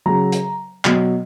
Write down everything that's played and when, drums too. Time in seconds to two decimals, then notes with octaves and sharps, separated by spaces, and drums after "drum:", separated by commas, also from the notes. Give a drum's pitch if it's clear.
0.06 C#3 F#3 A#5
0.32 drum: hi-hat
0.85 B2 F#3, drum: clap